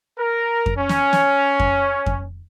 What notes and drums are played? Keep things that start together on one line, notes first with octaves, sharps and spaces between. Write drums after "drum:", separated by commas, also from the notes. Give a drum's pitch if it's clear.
A#4
drum: kick F2
C#4
drum: snare
drum: snare
drum: kick F2
drum: kick F2